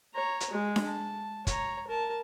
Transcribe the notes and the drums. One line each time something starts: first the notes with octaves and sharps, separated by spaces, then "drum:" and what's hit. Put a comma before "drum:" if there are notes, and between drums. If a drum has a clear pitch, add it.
C#5 A#5
drum: hi-hat
G#3
drum: snare D4
A5
C#5 A#5, drum: kick, hi-hat
A#4 A5